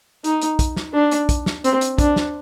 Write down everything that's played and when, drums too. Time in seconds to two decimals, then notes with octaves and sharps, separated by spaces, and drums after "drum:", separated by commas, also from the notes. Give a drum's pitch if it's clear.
0.24 D#4, drum: hi-hat
0.42 drum: hi-hat
0.59 drum: kick, hi-hat
0.76 drum: snare
0.94 D4
1.11 drum: hi-hat
1.29 drum: kick, hi-hat
1.46 drum: snare
1.64 C4, drum: hi-hat
1.81 drum: hi-hat
1.98 D4, drum: kick, hi-hat
2.16 drum: snare